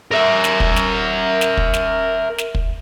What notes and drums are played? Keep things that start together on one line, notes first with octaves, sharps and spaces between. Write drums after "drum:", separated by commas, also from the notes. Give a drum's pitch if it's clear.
A#4 E5
drum: snare
drum: kick
drum: snare
drum: snare
drum: kick
drum: snare
drum: snare
drum: kick